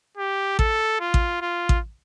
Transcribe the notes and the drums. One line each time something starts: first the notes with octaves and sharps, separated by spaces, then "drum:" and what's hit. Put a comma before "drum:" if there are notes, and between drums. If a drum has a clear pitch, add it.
G4
A4, drum: kick A1
F4
drum: kick A1
F4
drum: kick A1